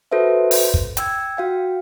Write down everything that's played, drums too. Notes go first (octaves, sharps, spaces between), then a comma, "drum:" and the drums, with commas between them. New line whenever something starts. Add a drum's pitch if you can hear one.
F#4 A4 B4 C5 E5
drum: open hi-hat
drum: kick
G5 E6 G#6, drum: hi-hat
F#4 F5 G5